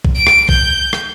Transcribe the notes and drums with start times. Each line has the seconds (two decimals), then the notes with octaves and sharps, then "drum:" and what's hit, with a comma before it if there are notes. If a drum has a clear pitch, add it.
0.05 drum: kick B1
0.15 D7
0.27 drum: rim click
0.49 G6, drum: kick B1
0.93 drum: rim click